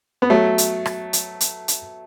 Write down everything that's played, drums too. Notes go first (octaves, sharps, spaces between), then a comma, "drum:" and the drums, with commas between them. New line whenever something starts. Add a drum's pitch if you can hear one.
B3
F#3 A3
drum: hi-hat
drum: rim click
drum: hi-hat
drum: hi-hat
drum: hi-hat